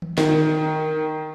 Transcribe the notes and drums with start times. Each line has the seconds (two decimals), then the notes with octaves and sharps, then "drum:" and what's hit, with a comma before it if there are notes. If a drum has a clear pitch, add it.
0.02 drum: tom D#3
0.18 D#3, drum: snare